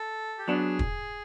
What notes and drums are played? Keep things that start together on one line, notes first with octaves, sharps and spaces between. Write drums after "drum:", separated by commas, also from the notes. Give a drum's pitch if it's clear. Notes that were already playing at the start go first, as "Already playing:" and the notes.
Already playing: A4
G4
F#3 B3 D4 G#4
drum: kick